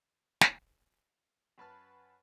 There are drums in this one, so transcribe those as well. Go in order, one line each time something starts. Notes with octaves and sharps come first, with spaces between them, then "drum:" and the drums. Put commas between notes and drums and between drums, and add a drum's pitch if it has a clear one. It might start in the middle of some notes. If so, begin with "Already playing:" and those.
drum: snare
F#2 B4 A5 F6